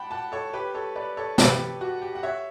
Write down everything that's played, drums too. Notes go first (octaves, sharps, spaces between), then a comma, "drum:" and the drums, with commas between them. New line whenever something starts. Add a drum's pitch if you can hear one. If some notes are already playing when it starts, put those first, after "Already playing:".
Already playing: F#5 G5 A5 B5
F#5 A5
A4 C#5
G4 B4
A4 C#5
B4 D5
A4 C#5
G4 B4, drum: snare
G4
F#4
G4
F#5
C#5 E5